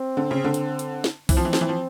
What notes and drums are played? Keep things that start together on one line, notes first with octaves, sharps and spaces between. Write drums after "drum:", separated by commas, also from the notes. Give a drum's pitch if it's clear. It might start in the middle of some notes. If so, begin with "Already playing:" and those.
Already playing: C4
D3
C#3
D3
drum: hi-hat
drum: hi-hat
drum: snare
E3 C4, drum: kick B1, open hi-hat
F3
E3
F3, drum: snare
E3
F3